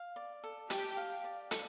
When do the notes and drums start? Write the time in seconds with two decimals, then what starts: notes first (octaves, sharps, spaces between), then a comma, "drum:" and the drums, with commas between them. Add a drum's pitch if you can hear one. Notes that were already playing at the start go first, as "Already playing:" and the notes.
Already playing: F5
0.16 D5
0.44 A4
0.70 G4 A5, drum: hi-hat
0.97 F5
1.24 D5
1.51 A4, drum: hi-hat